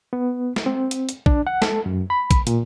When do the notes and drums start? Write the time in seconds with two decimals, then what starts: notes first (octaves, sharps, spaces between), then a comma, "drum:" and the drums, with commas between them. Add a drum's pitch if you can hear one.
0.13 B3
0.56 drum: snare
0.66 C4
0.91 drum: hi-hat
1.09 drum: hi-hat
1.26 D4, drum: kick
1.47 F#5
1.62 A4, drum: snare
1.86 F#2
2.10 B5
2.31 drum: kick, hi-hat
2.47 A#2, drum: hi-hat